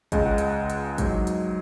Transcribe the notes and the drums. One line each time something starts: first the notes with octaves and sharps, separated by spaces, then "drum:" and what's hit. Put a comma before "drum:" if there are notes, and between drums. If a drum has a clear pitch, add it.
C#2 C#3 G#3 D#5, drum: kick, hi-hat
F#5
D#5, drum: hi-hat
drum: hi-hat
G#2 F#3, drum: kick, hi-hat
drum: hi-hat